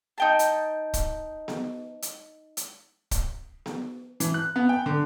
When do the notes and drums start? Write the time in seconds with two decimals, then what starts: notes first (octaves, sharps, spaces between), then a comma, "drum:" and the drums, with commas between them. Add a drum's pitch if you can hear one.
0.18 D#4 G5 A5
0.39 drum: hi-hat
0.94 drum: kick, hi-hat
1.48 drum: snare B3
2.02 drum: hi-hat
2.57 drum: hi-hat
3.11 drum: kick, hi-hat
3.66 drum: snare B3
4.20 E3, drum: hi-hat
4.34 F#6
4.56 B3
4.69 G5
4.86 D3